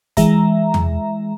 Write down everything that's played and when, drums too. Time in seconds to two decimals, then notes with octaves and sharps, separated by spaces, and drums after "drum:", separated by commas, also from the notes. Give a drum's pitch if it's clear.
0.17 E3 G#3 E5 A#5, drum: kick, hi-hat
0.74 drum: tom